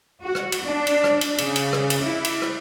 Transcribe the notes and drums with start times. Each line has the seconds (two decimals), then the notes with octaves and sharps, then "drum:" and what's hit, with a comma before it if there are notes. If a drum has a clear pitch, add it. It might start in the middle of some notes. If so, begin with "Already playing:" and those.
0.22 F#4
0.35 drum: rim click
0.52 drum: cymbal
0.65 D4
0.87 drum: cymbal
1.04 drum: rim click
1.21 drum: cymbal
1.38 C#3, drum: cymbal
1.56 drum: cymbal
1.73 drum: rim click
1.90 drum: cymbal
2.03 E4
2.25 drum: cymbal
2.42 drum: rim click